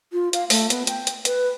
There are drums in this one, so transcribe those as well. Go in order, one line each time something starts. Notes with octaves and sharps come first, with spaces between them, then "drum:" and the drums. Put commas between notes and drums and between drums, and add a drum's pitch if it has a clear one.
F4
F5, drum: hi-hat
A3, drum: open hi-hat
B3, drum: hi-hat
G5, drum: hi-hat
drum: hi-hat
B4, drum: hi-hat